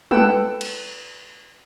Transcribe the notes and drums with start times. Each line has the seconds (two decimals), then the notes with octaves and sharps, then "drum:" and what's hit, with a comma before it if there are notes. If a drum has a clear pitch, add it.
0.11 A4 B4 F#5 G5 E6, drum: tom G3
0.61 drum: cymbal